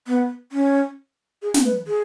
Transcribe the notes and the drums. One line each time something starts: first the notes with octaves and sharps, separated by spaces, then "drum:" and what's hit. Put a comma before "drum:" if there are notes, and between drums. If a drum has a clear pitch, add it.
B3
C#4
G#4
drum: snare
B4
G#4